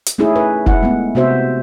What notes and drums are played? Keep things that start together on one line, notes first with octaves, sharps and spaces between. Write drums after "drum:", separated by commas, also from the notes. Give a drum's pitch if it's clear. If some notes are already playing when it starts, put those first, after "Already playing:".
drum: hi-hat
A3 C#4 D#4 E4 G#4
B4
E4 F#5, drum: kick
G#3 A3 B3
C3 B3 F#4 C5 E5